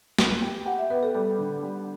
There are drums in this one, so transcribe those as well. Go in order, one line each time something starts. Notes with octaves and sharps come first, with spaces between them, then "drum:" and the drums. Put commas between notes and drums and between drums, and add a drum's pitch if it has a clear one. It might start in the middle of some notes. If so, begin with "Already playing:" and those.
B3, drum: snare
G4
G4 F#5
E5
B3 B4
A4
G3 A4
D3
G3